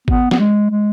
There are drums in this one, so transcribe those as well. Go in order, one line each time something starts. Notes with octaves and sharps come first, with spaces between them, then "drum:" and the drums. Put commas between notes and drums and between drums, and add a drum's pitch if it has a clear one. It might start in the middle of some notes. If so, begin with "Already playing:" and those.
B3, drum: kick G#1
B3, drum: snare
G#3
G#3